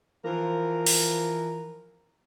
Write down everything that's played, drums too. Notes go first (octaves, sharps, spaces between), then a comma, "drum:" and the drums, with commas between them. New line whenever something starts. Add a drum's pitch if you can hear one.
E3 F3 A#4
drum: open hi-hat